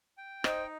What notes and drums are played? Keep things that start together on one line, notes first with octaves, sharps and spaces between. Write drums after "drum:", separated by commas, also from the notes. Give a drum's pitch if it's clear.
G5
D#4 C5 D#5, drum: rim click